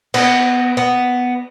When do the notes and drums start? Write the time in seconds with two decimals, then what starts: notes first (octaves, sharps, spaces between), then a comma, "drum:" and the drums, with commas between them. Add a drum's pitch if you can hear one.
0.14 B3, drum: cymbal
0.77 B3